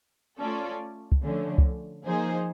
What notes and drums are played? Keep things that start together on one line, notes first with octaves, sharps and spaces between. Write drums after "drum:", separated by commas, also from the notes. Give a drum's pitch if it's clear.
A3 C#4 F4 A4 D5
drum: kick
D3 F3 A3 C#4
drum: kick
F3 A#3 D#4 G#4 C5